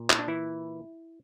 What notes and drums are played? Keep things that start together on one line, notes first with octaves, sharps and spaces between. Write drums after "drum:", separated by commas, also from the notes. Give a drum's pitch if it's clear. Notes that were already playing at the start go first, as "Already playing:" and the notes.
Already playing: A#2
E4, drum: clap
D4
E3 E4